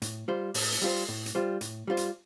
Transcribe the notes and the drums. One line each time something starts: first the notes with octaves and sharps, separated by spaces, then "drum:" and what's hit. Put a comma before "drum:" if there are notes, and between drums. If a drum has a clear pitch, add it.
A2, drum: hi-hat
G3 F4 C5
A2, drum: open hi-hat
drum: hi-hat
G3 F4 C5
A2
drum: hi-hat
G3 F4 C5
A2, drum: hi-hat
G3 F4 C5
drum: hi-hat